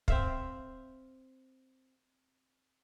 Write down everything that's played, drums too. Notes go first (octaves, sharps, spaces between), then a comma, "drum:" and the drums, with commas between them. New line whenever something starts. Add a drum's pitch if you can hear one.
C4 E5 F5, drum: kick